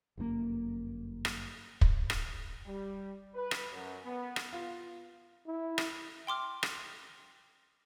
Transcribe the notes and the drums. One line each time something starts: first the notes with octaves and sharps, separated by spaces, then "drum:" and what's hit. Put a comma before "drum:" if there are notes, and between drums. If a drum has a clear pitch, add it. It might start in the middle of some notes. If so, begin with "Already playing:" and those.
G1 F#2 D3 A#3
drum: rim click
drum: kick
drum: rim click
G3
B4
drum: rim click
F#2
B3
drum: rim click
F4
E4
drum: rim click
G5 C6 D6 F6
drum: rim click